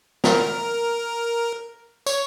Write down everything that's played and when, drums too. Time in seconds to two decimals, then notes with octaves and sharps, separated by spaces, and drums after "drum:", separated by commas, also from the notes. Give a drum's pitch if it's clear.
0.24 A#4, drum: snare
2.06 C#5, drum: tambourine